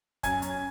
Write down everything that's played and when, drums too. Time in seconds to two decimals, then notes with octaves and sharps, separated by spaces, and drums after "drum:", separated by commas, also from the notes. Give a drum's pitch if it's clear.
0.23 F#2 G#5 G#6, drum: kick, hi-hat
0.42 C#4, drum: hi-hat